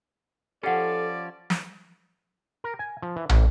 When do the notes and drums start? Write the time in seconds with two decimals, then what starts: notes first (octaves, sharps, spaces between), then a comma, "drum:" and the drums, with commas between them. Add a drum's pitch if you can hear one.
0.63 F3 C#4 G4 A4 D5 F#5
1.50 drum: snare
2.64 A#4
2.79 G#5
3.02 F3
3.16 E3
3.29 A1, drum: tom